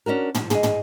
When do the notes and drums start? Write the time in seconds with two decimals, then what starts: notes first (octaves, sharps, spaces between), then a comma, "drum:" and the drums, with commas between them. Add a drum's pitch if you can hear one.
0.06 C#4 D4 F#4 A#4
0.35 F3, drum: tom
0.50 G#4 D#5, drum: tom
0.63 drum: tom